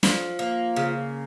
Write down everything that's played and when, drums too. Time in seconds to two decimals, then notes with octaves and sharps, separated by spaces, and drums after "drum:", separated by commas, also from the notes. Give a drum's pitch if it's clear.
0.03 F3, drum: snare
0.39 A#3
0.76 C#3